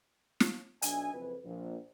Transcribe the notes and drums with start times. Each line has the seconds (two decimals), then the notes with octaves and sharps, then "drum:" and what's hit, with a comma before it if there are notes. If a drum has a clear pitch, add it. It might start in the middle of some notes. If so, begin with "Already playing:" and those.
0.40 drum: snare
0.82 B1 D4 D#5 E5 G#5, drum: hi-hat
1.14 F#1 F2 B4
1.44 A#1